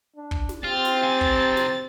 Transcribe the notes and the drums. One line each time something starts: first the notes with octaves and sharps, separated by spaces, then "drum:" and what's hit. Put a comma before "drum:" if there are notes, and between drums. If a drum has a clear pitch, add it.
D4
drum: kick
drum: snare
C4 F4 G4 A6
drum: snare
C3 G#5
drum: kick
drum: snare